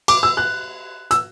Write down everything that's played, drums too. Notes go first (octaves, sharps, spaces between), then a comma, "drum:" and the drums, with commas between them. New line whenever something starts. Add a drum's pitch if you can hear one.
D6, drum: cymbal
E6
F#6
E6, drum: hi-hat